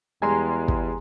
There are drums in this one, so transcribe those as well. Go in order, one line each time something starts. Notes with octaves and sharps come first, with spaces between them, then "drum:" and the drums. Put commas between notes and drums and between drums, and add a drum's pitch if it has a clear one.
E2 G3 G#3 G#5 A#5 C6
drum: kick